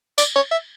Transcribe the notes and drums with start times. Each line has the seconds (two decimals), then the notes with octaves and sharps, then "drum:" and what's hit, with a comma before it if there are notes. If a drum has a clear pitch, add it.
0.18 D5, drum: tambourine
0.35 C#5
0.51 E5